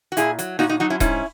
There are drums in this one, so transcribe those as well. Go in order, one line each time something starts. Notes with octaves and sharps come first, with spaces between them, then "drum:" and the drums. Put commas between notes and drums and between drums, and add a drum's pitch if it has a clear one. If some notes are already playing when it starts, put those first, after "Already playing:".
F#4
A#2 E4 G#4, drum: hi-hat
F#3, drum: hi-hat
A#2 D#4 F#4, drum: snare E4
D#4 F#4
F#3 D#4 F#4
C#4 E4
G#2 C#4 E4, drum: kick D#1, hi-hat